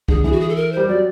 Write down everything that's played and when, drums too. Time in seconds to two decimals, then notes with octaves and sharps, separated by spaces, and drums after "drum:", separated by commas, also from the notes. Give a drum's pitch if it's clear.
0.08 D3 G#4, drum: kick C2
0.24 E3 G#4
0.32 F#4
0.40 G#4
0.49 A4
0.56 A#4
0.72 G3 C5
0.88 F#3 D5